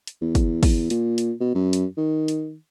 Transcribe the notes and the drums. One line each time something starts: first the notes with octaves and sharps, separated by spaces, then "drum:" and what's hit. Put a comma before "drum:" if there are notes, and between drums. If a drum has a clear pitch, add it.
drum: hi-hat
E2
drum: kick, hi-hat
drum: kick, open hi-hat
A#2, drum: hi-hat
drum: hi-hat
B2
F#2
drum: hi-hat
D#3
drum: hi-hat